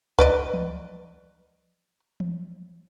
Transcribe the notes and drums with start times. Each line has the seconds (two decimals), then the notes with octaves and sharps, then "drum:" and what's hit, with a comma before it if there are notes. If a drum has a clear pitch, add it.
0.19 B4 D5 D#5, drum: kick C#2
0.54 drum: tom E3
2.20 drum: tom E3